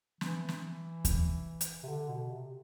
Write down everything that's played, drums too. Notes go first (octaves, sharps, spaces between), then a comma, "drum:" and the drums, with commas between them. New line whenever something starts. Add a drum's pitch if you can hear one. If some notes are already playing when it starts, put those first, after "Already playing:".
E3, drum: snare
drum: snare
drum: kick D#2, hi-hat
drum: hi-hat
C3
D3
B2
C3